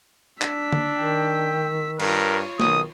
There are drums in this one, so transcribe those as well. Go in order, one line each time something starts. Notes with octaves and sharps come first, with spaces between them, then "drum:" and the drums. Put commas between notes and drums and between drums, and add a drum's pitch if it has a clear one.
D4 E6 B6, drum: clap
drum: tom
D#3 G5
G2 F4 A#4 C#5, drum: cymbal
B1 D#3 D#6, drum: snare